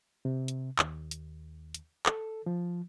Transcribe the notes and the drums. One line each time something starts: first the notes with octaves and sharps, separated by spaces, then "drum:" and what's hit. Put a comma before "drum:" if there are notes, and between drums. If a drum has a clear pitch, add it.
C3
drum: hi-hat
D#2, drum: clap
drum: hi-hat
drum: hi-hat
A4, drum: clap
F3